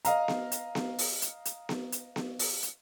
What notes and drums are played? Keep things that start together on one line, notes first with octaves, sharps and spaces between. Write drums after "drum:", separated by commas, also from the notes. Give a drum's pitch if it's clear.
D#5 F5 A#5, drum: hi-hat
drum: snare B3
drum: hi-hat
drum: snare B3
drum: open hi-hat
drum: hi-hat
drum: hi-hat
drum: snare B3
drum: hi-hat
drum: snare B3
drum: open hi-hat
drum: hi-hat